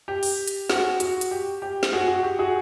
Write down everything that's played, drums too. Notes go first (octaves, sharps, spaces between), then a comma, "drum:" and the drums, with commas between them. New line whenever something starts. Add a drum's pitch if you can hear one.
G4
drum: open hi-hat
drum: hi-hat
F#4 G#4, drum: snare
F#4, drum: hi-hat
drum: hi-hat
G4
G4
drum: snare
F#4 G#4
F#4
G4
F#4 G#4